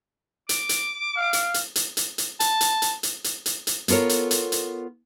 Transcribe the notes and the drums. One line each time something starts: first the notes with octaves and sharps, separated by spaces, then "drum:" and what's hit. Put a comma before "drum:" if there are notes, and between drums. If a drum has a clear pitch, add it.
D6, drum: hi-hat
drum: hi-hat
F5
drum: hi-hat
drum: hi-hat
drum: hi-hat
drum: hi-hat
drum: hi-hat
A5, drum: hi-hat
drum: hi-hat
drum: hi-hat
drum: hi-hat
drum: hi-hat
drum: hi-hat
drum: hi-hat
B3 F4 A4 A#4 C#5, drum: hi-hat
drum: hi-hat
drum: hi-hat
drum: hi-hat